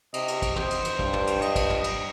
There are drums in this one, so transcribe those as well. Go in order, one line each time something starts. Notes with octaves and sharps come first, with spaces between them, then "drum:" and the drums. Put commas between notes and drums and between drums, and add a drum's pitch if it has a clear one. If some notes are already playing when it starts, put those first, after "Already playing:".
C3 D#5, drum: cymbal
drum: cymbal
drum: kick, cymbal
C5, drum: tom
drum: cymbal
drum: cymbal
G2, drum: kick
drum: tom
drum: cymbal
D#5, drum: cymbal
drum: kick, cymbal
drum: tom
drum: cymbal